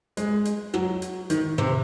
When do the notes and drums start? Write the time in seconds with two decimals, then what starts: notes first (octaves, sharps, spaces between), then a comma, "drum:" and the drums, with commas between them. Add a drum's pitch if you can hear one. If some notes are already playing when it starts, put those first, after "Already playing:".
0.17 G#3, drum: hi-hat
0.45 drum: hi-hat
0.74 F#3, drum: rim click
1.02 drum: hi-hat
1.30 D#3, drum: hi-hat
1.58 C3, drum: rim click